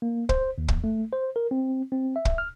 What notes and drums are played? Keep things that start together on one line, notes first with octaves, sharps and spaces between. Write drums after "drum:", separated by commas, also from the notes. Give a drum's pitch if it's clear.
A#3
C5, drum: kick
D#2
drum: kick
A3
C5
A#4
C4
C4
E5
drum: kick
F6